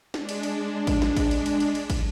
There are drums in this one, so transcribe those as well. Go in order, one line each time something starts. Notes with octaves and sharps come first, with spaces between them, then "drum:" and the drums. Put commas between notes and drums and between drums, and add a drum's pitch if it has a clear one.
G#3 D4, drum: snare
drum: cymbal
drum: cymbal
drum: kick, cymbal
drum: snare
drum: kick, cymbal
drum: cymbal
drum: cymbal
drum: cymbal
drum: cymbal
drum: kick, cymbal